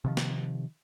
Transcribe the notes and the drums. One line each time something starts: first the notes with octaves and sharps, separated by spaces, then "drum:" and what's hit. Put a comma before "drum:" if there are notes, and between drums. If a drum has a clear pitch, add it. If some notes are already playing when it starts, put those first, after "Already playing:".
C3 D#3 F3
drum: snare